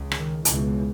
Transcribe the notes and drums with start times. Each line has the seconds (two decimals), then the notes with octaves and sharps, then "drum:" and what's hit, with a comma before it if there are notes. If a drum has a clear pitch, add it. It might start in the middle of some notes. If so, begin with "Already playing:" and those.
Already playing: C#2 C#3
0.12 D#3, drum: rim click
0.45 C#2 B2 E3, drum: hi-hat